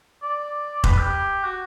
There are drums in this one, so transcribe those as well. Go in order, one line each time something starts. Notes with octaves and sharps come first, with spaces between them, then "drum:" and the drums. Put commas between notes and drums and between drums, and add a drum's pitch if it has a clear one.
D5
B4, drum: kick F1
G4
F#4